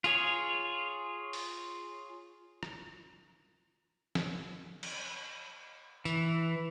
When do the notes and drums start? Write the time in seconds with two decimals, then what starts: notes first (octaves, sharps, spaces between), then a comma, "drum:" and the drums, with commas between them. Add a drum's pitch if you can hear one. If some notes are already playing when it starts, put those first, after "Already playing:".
0.04 F4 G#4 C#5, drum: tambourine
1.33 drum: open hi-hat
2.63 drum: rim click
4.15 drum: snare
4.83 drum: cymbal
6.05 E3, drum: tambourine